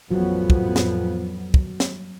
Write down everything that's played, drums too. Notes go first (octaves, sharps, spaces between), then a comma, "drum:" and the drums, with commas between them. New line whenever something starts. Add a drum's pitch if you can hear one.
A1 F2 F3 F#3 B3 F#4
drum: kick
drum: snare
drum: kick
drum: snare